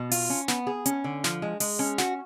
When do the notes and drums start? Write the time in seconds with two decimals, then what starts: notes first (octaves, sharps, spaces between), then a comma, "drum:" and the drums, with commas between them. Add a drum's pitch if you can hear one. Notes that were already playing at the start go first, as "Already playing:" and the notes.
Already playing: B2
0.11 F4, drum: open hi-hat
0.30 C#4
0.48 B3, drum: snare
0.67 G#4
0.86 C#4, drum: hi-hat
1.04 D3
1.24 F3, drum: snare
1.42 G#3
1.60 G#3, drum: open hi-hat
1.79 C#4
1.98 F#4, drum: snare